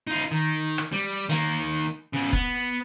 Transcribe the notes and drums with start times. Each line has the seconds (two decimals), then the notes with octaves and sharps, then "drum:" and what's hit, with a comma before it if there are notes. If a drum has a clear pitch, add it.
0.07 D#4 F4
0.31 D#3
0.78 drum: rim click
0.92 G3
1.29 D#3 A#3, drum: hi-hat
2.13 C#3 B3
2.33 B3, drum: kick E1